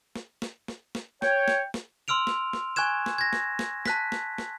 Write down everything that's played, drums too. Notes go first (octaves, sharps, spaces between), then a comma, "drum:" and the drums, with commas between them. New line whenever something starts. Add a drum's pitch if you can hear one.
drum: snare
drum: snare
drum: snare
drum: snare
C#5 G5, drum: snare
drum: snare
drum: snare
C6 E6 F6 D7 F7
drum: snare
drum: snare
G#5 C#6 F#6 G#6 E7
drum: snare
G#6 A#6
drum: snare
drum: snare
A5 F#6 B6, drum: snare
drum: snare
drum: snare